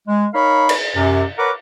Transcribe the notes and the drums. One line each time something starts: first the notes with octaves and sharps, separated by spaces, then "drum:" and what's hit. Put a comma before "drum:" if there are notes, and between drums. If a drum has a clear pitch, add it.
G#3
D#4 A#4 C#5 F5 B5
drum: cymbal
F#2 C3
A#4 B4 C#5 F#5 A#5 D6